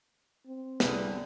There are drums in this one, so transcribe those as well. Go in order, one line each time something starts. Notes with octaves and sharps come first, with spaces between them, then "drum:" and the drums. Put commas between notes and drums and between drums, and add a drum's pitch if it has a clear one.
C4
C2 D3 G3 E4 G#4 B4, drum: snare